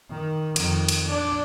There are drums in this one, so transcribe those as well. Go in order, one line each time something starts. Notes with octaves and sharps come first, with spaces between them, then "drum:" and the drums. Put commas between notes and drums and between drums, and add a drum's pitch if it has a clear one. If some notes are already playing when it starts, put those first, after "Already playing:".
D#3
F2 D#3, drum: cymbal
drum: cymbal
D4